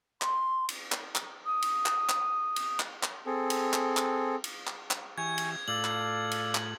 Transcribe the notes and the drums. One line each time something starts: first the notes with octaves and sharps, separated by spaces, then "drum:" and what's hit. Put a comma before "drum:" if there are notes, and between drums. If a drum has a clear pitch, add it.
C6, drum: clap
drum: cymbal
drum: clap
drum: clap
D#6
drum: cymbal
drum: clap
drum: clap
drum: cymbal
drum: clap
drum: clap
C4 G#4 A4
drum: cymbal
drum: clap
drum: clap
drum: cymbal
drum: clap
drum: clap
E3 G4 G#5 C#6 G#6
drum: cymbal
A2 A3 F4 A4 D5 F5 F#7
drum: clap
drum: cymbal
drum: clap